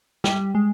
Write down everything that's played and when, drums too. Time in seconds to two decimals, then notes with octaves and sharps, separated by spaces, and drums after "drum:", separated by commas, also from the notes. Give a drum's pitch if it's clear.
0.24 G3, drum: snare
0.55 G#3